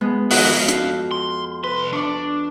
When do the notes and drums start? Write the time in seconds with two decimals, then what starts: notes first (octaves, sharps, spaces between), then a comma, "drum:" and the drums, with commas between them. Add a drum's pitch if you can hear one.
0.01 G#3 B3
0.31 F2 D#3 G#3 F#4 F#5, drum: open hi-hat
0.53 G2 F5
0.69 drum: hi-hat
1.11 C6
1.64 C2 B4 C6
1.93 D4 D5 C#6